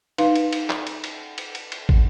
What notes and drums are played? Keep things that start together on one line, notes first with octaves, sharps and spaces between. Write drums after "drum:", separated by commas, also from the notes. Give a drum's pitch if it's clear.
D#4 B4 F5, drum: cymbal
drum: cymbal
drum: cymbal
drum: clap
drum: cymbal
drum: cymbal
drum: cymbal
drum: cymbal
drum: cymbal
drum: kick